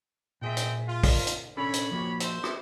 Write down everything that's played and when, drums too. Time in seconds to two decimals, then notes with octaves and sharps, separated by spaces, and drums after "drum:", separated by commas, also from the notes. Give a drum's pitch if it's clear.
0.42 A#2 C4 G#4 D#5 E5 G5
0.57 drum: hi-hat
0.88 F4
1.03 drum: kick, open hi-hat
1.27 drum: hi-hat
1.57 C#4 D4 A4 C#5 B5
1.74 drum: hi-hat
1.91 F3 A#3 F#4
2.20 C5 E5, drum: hi-hat
2.44 drum: rim click